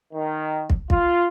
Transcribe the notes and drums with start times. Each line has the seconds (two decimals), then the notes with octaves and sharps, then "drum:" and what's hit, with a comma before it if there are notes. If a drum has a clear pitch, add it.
0.13 D#3
0.70 drum: kick
0.90 F4, drum: kick